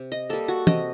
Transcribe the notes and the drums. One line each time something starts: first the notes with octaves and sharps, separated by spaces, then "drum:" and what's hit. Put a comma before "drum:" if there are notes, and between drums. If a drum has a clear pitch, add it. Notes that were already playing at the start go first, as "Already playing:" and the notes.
Already playing: C3
D#5
G3 A#3 A4
F#4
C3 D#5, drum: tom